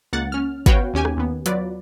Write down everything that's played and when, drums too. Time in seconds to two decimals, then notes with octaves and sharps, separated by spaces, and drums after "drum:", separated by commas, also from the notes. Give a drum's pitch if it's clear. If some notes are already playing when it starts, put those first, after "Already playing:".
0.13 C#2 A#3 F#5 A6
0.32 C#4 F6
0.66 B3 F#4 B4 C#5 F5 G5, drum: kick, hi-hat
0.94 D#2 C#4 G4 G#5
1.05 drum: rim click
1.17 D#2 B3
1.46 F#3 F4 B4 D5, drum: hi-hat